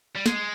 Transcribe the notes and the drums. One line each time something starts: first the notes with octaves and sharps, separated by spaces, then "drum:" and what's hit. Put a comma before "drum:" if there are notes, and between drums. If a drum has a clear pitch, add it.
G3
G#3, drum: snare